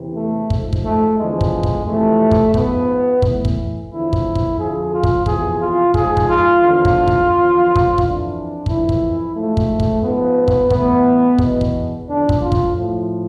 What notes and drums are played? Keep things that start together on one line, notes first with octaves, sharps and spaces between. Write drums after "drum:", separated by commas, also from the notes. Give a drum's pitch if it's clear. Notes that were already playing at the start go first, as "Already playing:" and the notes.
Already playing: E2 C3 E3
A3
G#2 F3, drum: kick
drum: kick
A3
E2 D3 F3 G#3
drum: kick
drum: kick
F2 C3 E3 A3
drum: kick
G#2 F3 B3, drum: kick
A2 E3, drum: kick
drum: kick
E2 D3 F3 E4
drum: kick
drum: kick
F2 D3 F3 G#4
F4
drum: kick
E2 C3 F3 G#4, drum: kick
F4
G#2 F3 G#4, drum: kick
drum: kick
F4
E2 D3 F3 F4
drum: kick
drum: kick
E2 D3 F3
drum: kick
F2 E3 D4, drum: kick
F2 E3 E4, drum: kick
drum: kick
G#2 F3 A3
drum: kick
drum: kick
G#2 F3 B3
drum: kick
A2 E3 B3, drum: kick
E2 B2, drum: kick
drum: kick
E2 D3 F3 D4
drum: kick
F4
drum: kick
A2 F3